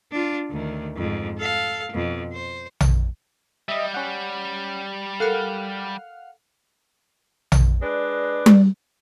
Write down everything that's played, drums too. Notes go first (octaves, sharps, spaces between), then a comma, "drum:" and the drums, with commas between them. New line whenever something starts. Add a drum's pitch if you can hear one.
D4 F4
D2 D#3
F2 G#2
A4 F5
F2 B2
C5
drum: tom A#1
G3 D#5 E5
C#4 F#5
A4 A#4 F5 F#5 F6
drum: tom A#1
G#3 D4 B4 D5
drum: tom G3